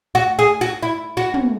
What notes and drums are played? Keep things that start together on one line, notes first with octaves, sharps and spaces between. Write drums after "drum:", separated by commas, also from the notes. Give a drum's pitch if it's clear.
F#4
G#4
F#4
E4
F#4
drum: tom